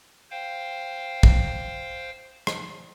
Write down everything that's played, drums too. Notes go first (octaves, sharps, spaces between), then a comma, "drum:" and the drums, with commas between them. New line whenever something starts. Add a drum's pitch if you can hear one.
C5 F5 G5
drum: kick
drum: rim click